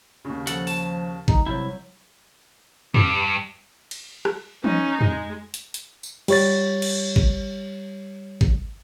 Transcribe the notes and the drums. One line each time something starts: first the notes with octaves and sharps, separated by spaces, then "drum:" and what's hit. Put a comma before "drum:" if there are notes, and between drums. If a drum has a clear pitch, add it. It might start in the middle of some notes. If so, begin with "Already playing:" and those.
D#2 C#3
F3 A4 F#5, drum: hi-hat
A5, drum: open hi-hat
D#4, drum: kick A1
C2 C#3 F#3 E4 G6
G2, drum: tom F2
drum: cymbal
drum: rim click
C#4 D#4, drum: tom E3
G#3, drum: tom F2
drum: hi-hat
drum: hi-hat
drum: tambourine
G3 C#5 A6, drum: cymbal
drum: cymbal
drum: kick A1
drum: kick A1